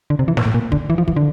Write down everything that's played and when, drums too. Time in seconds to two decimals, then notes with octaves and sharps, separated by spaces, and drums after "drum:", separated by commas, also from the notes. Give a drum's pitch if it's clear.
0.10 D3
0.19 C3
0.28 E3
0.37 A#2, drum: snare
0.46 A2
0.54 A#2
0.72 D3, drum: kick
0.90 E3
0.98 F3
1.08 E3, drum: kick
1.16 D3